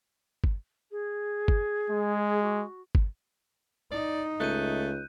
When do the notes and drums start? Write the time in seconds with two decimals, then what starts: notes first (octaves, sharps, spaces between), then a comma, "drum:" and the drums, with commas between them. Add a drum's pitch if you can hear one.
0.44 drum: kick G1
0.91 G#4
1.48 drum: kick G1
1.90 G#3
2.42 F#4
2.95 drum: kick G1
3.92 D#4 D5
4.40 C#2 A3 F#6 G6 D#7